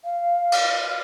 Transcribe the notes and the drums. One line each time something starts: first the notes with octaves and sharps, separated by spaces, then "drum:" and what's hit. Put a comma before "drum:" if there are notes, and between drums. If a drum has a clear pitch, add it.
F5
drum: cymbal